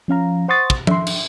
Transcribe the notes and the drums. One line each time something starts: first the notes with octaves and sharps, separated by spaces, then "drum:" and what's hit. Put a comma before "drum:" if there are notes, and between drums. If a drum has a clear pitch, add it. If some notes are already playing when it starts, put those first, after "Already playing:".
F3 C#4 F5 A#5
C5 F#5 C6 C#6 D#6 A6
drum: kick
E5 C6, drum: tom F3
drum: cymbal